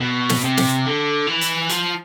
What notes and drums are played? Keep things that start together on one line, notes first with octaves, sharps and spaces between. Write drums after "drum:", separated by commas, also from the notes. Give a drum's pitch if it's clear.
B2
drum: snare
C3
drum: snare
D3
E3
drum: hi-hat
F3, drum: hi-hat